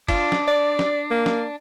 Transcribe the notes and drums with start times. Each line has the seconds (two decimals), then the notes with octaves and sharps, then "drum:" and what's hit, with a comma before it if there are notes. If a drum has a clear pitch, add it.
0.08 D4 F4, drum: kick F#1, cymbal
0.32 drum: snare
0.48 D5
0.79 drum: snare
1.11 A#3
1.26 drum: snare